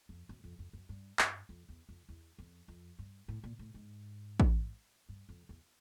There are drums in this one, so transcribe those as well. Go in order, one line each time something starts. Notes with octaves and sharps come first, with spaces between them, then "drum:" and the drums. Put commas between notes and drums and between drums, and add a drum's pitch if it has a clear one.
F2
F#2
F2
F2
F#2
G2
G2, drum: clap
F2
E2
F2
E2
F2
F2
G2
A2
A#2
A2
G#2
drum: kick A1
G2
F2
E2